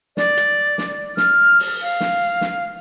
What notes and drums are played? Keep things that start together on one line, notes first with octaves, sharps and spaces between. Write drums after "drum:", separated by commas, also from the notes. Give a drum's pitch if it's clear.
D5, drum: snare
drum: hi-hat
drum: snare
F6, drum: snare
drum: open hi-hat
F5
drum: snare
drum: snare